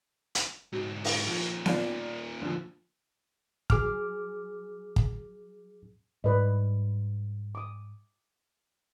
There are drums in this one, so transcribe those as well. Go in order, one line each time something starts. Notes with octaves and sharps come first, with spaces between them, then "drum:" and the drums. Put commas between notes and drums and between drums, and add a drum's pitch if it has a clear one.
drum: hi-hat
B1 G#2 F#3
drum: open hi-hat
D#2 A#2 F3
F4 D5, drum: snare B3
D3 F3
F#3 G#4 D6 F6, drum: kick
drum: kick
G#2 G3 B4 D5 D#5
D6 D#6